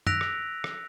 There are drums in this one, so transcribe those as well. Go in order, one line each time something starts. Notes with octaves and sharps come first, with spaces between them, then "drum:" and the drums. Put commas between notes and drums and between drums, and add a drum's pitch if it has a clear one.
E6 F#6 A#6 B6 D7 F7, drum: tom
drum: rim click
drum: rim click